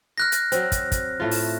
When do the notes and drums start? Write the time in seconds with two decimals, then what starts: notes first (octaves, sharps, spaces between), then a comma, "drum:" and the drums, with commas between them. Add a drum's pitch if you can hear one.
0.18 F6 F#6 A#6
0.32 drum: hi-hat
0.52 F#3 C4, drum: hi-hat
0.72 drum: kick, hi-hat
0.92 drum: kick, hi-hat
1.20 A2 A3 F4
1.31 drum: open hi-hat